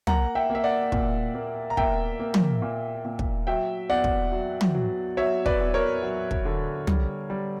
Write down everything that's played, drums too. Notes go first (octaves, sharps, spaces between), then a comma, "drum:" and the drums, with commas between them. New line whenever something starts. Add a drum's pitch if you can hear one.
A#3 F#5 A#5, drum: tom
E5 G5
A#3
E5
D5 F#5
A#2, drum: kick
A#3
A#5
A#3 E5 G5, drum: kick
A#3
drum: tom
A#2
A#2
drum: kick
F#3 E5 G5
E2 D5 F#5
drum: kick
F#3
drum: tom
F#3
F#3 C#5 E5
B4 D5, drum: kick
E2
A#4 C#5
F#3
drum: kick
D3
G3, drum: tom
G3